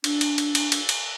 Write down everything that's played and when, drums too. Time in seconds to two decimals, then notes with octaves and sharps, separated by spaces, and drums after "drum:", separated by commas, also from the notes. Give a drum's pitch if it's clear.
0.04 D4, drum: cymbal
0.21 drum: cymbal
0.38 drum: cymbal
0.55 drum: cymbal
0.72 drum: cymbal
0.89 drum: cymbal